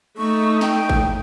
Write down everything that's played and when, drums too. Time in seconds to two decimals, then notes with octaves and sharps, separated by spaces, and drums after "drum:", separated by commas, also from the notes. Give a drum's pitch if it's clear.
0.17 A3 D#4 C#6
0.61 G5, drum: snare
0.89 drum: kick A1